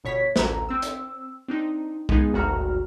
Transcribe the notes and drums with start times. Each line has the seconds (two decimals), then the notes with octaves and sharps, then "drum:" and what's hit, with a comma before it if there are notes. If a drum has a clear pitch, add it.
0.04 G1 B2 C#5 B6
0.36 A1 D2 A#5, drum: snare
0.69 C4 E6
0.82 drum: hi-hat
1.48 C4 D4 D#4
2.09 G#3 B3 D#4 G#4, drum: kick
2.33 G#1 D2 G2 F#4 A#5 F6